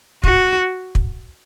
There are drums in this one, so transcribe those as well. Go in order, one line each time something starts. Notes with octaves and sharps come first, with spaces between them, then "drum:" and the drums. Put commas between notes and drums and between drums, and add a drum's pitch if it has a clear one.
F#4, drum: kick
drum: kick